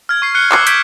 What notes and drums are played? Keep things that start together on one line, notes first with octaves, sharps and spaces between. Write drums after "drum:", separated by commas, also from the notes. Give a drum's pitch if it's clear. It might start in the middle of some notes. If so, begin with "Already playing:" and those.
F6 G#6
C#6 C7
F#6 C#7 G7
D6 E6 F#6 C7 C#7, drum: clap
G6 G#6 B6 D7, drum: hi-hat